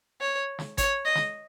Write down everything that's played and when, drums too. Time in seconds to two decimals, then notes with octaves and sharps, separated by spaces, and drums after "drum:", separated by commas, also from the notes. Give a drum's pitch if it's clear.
0.21 C#5
0.59 drum: snare
0.78 C#5, drum: kick, hi-hat
1.05 D#5
1.15 drum: snare